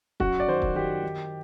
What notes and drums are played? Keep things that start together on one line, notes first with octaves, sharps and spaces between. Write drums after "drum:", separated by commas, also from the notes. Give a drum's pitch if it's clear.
F#2 F#4, drum: kick
D5
D#3 C5
drum: kick
D#3 G4
D#3